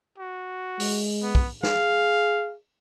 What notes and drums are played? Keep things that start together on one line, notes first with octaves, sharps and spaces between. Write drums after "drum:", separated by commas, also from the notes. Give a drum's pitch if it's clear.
F#4
G#3, drum: open hi-hat
B3
drum: kick
G#4 F5, drum: snare